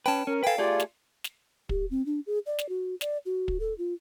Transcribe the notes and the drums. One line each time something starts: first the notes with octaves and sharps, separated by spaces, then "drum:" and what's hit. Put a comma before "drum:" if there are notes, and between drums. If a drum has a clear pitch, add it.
C#4 B4 G5 A5
C#4 A#4
A4 B4 F5 G5 G#5
A3 F4 G4 G#4 D5
drum: snare
drum: snare
G4, drum: kick
C4
D4
G#4
D5
drum: snare
F#4
D5, drum: snare
F#4
drum: kick
A4
F4